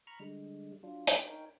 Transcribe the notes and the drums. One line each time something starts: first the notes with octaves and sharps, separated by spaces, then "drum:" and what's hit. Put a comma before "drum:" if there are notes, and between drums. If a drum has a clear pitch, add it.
A#5 B5 C#6 F6
D3 G3 G#3
F#3 D4 F4
drum: hi-hat
D#4 A#4 C#5 G5